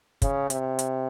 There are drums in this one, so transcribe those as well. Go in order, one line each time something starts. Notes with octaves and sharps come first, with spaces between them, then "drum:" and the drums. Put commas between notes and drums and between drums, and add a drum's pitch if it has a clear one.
C#3, drum: kick, hi-hat
C3, drum: hi-hat
drum: hi-hat